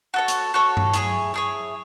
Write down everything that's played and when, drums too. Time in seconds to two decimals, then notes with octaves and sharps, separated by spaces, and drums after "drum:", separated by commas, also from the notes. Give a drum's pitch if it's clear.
0.14 F#4 A4 C#5
0.28 drum: hi-hat
0.54 F#4 A4 C#5
0.77 drum: tom G2
0.94 E4 G#4 C#5, drum: hi-hat
1.34 E4 G#4 C#5